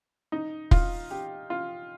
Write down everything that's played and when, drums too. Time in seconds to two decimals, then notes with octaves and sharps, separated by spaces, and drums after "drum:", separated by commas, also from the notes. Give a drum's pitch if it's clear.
0.32 D#4
0.71 F4, drum: kick
1.11 G4
1.50 F4